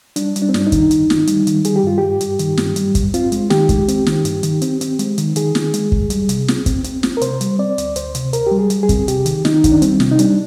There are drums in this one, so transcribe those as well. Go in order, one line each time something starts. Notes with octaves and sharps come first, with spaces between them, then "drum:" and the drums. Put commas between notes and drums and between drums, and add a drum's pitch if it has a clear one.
G3 D4, drum: hi-hat
G3, drum: hi-hat
D4
C4
G2 D4, drum: snare
D#4
D#3, drum: kick, hi-hat
G2, drum: hi-hat
D#3, drum: snare
G3, drum: hi-hat
D#3, drum: hi-hat
G3 G#4, drum: hi-hat
G4
G2 F4
G2 G4
G2, drum: hi-hat
D#3, drum: hi-hat
G2, drum: snare
G3, drum: hi-hat
G2, drum: kick, hi-hat
C4 F4, drum: hi-hat
G#3, drum: hi-hat
D#3 G4, drum: snare
G#3, drum: kick, hi-hat
C4, drum: hi-hat
D#3, drum: snare
G2, drum: hi-hat
D#3, drum: hi-hat
C4, drum: hi-hat
C4, drum: hi-hat
G#3, drum: hi-hat
D#3, drum: hi-hat
D#3 G#4, drum: hi-hat
D#3, drum: snare
G#3, drum: hi-hat
G2, drum: kick
G3, drum: hi-hat
C3, drum: hi-hat
C4, drum: snare
C4, drum: kick, hi-hat
C4, drum: hi-hat
C4, drum: snare
A#4
C3 C5, drum: hi-hat
G3, drum: hi-hat
C4 D5
D2, drum: hi-hat
D2 C5, drum: hi-hat
C3, drum: hi-hat
D2 A#4, drum: hi-hat
G3 G4
G#4
G3, drum: hi-hat
G#4
C4, drum: kick, hi-hat
C3 G4, drum: hi-hat
D#3, drum: hi-hat
D#3 D#4, drum: snare
D#3, drum: kick, hi-hat
D4
G3 C4, drum: hi-hat
C3, drum: snare
D#4
G3 D4, drum: hi-hat